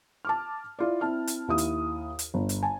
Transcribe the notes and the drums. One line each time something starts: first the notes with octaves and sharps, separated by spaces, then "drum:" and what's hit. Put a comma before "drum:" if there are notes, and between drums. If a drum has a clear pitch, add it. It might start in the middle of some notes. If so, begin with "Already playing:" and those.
A5 D6 F6
E4 F4 D5
C4 E4 A5 F6
drum: hi-hat
D#2 E4 D#6
drum: hi-hat
drum: hi-hat
G1
drum: hi-hat
G#5 A5